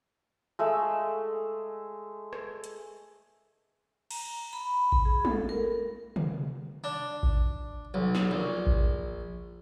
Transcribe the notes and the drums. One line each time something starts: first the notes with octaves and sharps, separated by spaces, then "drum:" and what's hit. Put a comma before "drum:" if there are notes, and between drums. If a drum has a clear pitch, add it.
G#3 A3 E5
drum: rim click
drum: hi-hat
A#5, drum: cymbal
B5
B5, drum: kick A1
G#4
A4, drum: tom
A#4
A#4
drum: tom
D4
drum: kick A1
B1
drum: snare
A#1
drum: kick A1